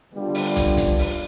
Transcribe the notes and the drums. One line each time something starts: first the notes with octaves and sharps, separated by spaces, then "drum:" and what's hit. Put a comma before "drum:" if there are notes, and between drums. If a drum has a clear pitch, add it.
D3 G3 B3 D4 F4
drum: open hi-hat
drum: kick, hi-hat
drum: kick, hi-hat
drum: open hi-hat